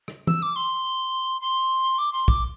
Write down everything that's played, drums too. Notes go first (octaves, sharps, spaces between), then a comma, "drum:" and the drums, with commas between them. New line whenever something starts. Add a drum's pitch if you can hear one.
drum: rim click
E6, drum: tom
D6
C6
C6
D6
C6
D6, drum: kick